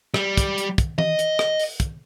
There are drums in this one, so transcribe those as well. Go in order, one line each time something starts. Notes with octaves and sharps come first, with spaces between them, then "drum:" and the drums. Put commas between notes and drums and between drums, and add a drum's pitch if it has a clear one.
G3, drum: rim click
drum: kick, hi-hat
drum: hi-hat
drum: kick, hi-hat
D#5, drum: tom E3
drum: hi-hat
drum: rim click
drum: open hi-hat
drum: kick, hi-hat